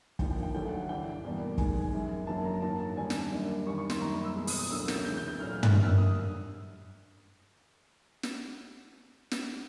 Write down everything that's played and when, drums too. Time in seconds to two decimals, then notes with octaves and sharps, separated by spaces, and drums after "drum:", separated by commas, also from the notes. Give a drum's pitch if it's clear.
0.19 D#2 D3 F3 A#3 G5, drum: kick
0.31 G5
0.43 G5
0.54 D2 D3 F#3 A3 G5
0.66 F#5
0.77 F#5
0.89 G2 E3 G3 G5
1.24 E2 B2 G3 A#3
1.58 G#2 D#3 G#3 G#5, drum: kick
1.81 G#5
1.93 F#2 D#3 G#3
2.27 F#2 D3 F#3 A#3 A5
2.45 A#5
2.62 G#2 D#3 F#3 A#3 A5
2.80 A5
2.97 D#2 D3 G3 G#5
3.10 drum: snare
3.32 F#2 D3 G3 A#3
3.66 D#2 D#3 G3 A#3 C#6
3.78 C#6
3.90 C6, drum: snare
4.01 F#2 D#3 G3 A#3 A#5
4.13 B5
4.24 E6
4.36 E2 B2 G#3 E6
4.47 D#6, drum: open hi-hat
4.59 D#6
4.71 D2 D3 F#3 A#3 E6
4.88 G6, drum: snare
5.05 E2 C3 E3 G#3 G6
5.17 G6
5.28 G6
5.39 A#2 F#3 A3 F6
5.52 F6
5.63 F#6, drum: tom
5.75 F#2 D3 G3 A#3 F6
5.86 E6
5.98 D#6
8.23 drum: snare
9.31 drum: snare